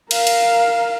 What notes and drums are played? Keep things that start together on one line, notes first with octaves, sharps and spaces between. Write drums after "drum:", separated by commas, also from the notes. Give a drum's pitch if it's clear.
A#4 F5, drum: cymbal
drum: cymbal